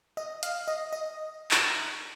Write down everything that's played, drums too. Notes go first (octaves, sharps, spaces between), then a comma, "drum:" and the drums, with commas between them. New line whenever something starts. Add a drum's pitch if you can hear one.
D#5
F5, drum: hi-hat
D#5
D#5
drum: clap